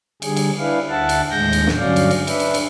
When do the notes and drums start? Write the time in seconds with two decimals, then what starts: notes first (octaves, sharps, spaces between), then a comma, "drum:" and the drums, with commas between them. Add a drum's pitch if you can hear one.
0.22 D3 G3 G#4, drum: cymbal
0.37 drum: cymbal
0.59 D4 E4 B4 F5
0.90 D2 E5 F#5 A5
1.09 drum: cymbal
1.31 D#2 A2 G#3 G6 A#6
1.53 drum: cymbal
1.67 drum: snare
1.78 G2 D3 F#3 C#4 D5 F5
1.96 drum: cymbal
2.11 drum: cymbal
2.27 D4 B4 E5, drum: cymbal
2.40 drum: cymbal
2.54 drum: cymbal